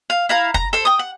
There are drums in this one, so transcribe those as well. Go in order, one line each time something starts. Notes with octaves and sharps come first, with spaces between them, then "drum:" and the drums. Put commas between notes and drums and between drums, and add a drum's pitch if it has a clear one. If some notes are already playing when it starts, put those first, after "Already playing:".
F5
E4 F5 A#5
A#5, drum: kick
A4 C5
G5 D#6
F#5